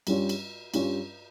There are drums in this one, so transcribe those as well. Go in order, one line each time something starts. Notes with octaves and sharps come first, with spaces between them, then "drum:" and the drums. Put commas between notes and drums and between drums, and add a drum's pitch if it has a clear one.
G2 G3 C#4 F4, drum: cymbal
drum: cymbal
G2 G3 C#4 F4, drum: cymbal